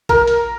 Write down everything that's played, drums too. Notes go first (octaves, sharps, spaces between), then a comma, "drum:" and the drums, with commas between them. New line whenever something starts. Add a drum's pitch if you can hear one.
A#4, drum: kick B1, hi-hat
drum: hi-hat